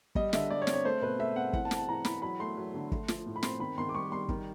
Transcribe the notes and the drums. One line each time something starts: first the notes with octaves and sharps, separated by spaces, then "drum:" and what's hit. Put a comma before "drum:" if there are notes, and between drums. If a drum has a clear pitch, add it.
G3 D#5, drum: kick
D3 E5, drum: snare
G3 D5
C#5
C4, drum: snare
C#5
A3 C5
B2 B4
A3 E5
C4 F#5
E3 F#5, drum: kick
A5
C4, drum: snare
A5
E3 A#5
E3 B5, drum: snare
F#3 B5
A3 C6
F#3
D3
A3, drum: kick
F3, drum: snare
A2
B5
C4 C6, drum: snare
D#3 B5
D#3 C6
D6
G3 C#6
G3 C6
D#3, drum: kick